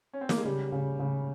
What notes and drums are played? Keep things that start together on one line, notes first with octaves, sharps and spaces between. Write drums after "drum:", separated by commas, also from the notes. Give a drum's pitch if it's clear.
C#4
C4
A#3, drum: snare
G#3
C#3 G3
C#3
C#3